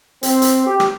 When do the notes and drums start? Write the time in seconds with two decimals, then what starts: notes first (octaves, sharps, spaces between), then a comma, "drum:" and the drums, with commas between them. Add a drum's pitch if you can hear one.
0.23 C4, drum: hi-hat
0.42 drum: hi-hat
0.67 G4
0.80 drum: rim click